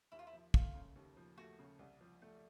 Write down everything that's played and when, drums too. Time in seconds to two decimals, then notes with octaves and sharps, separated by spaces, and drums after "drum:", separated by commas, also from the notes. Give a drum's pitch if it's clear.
0.12 D#2 E4
0.19 F4
0.27 E4
0.33 F3
0.54 A3 F4, drum: kick
0.74 C#3
0.96 D#2
1.17 F3
1.38 A3 F#4
1.59 C#3
1.79 C2
2.01 F3
2.22 A3